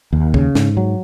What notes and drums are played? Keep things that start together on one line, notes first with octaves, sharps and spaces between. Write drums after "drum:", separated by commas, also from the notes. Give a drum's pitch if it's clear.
D#2
C#3, drum: kick
G#2, drum: snare
F#3